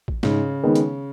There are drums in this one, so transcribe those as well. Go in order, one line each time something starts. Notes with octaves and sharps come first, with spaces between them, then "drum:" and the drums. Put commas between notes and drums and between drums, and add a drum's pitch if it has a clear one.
drum: kick A1
G#2 C#3, drum: snare
D#3 G#3 B3
drum: hi-hat